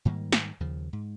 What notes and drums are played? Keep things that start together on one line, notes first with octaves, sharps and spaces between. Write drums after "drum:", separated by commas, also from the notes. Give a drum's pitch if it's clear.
G#2 D#3 G3 A#3
drum: snare
D#2 C#3 F3
G#2